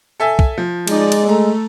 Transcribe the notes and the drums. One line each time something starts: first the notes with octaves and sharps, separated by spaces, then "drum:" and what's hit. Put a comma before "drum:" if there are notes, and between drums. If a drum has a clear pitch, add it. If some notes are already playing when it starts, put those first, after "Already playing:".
A4 E5 G#5
drum: kick
F3
G#3 D#4 D5, drum: cymbal
drum: cymbal
A3 A4 A#5